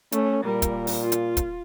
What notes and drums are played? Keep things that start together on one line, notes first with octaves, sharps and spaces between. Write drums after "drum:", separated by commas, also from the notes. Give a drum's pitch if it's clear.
A3 C#4, drum: hi-hat
A#2 G3 A#4
drum: kick, hi-hat
drum: open hi-hat
F4
drum: hi-hat
drum: kick, hi-hat